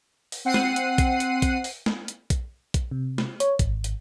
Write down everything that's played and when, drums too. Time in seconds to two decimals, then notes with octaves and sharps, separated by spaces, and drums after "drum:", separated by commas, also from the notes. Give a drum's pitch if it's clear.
0.32 drum: open hi-hat
0.45 C4 F#5 C7 D#7
0.54 drum: snare
0.76 drum: hi-hat
0.98 drum: kick, hi-hat
1.20 drum: hi-hat
1.42 drum: kick, hi-hat
1.64 drum: open hi-hat
1.86 drum: snare
2.08 drum: hi-hat
2.30 drum: kick, hi-hat
2.74 drum: kick, hi-hat
2.91 C3
3.18 drum: snare
3.40 C#5, drum: hi-hat
3.59 G#1, drum: kick, hi-hat
3.84 drum: hi-hat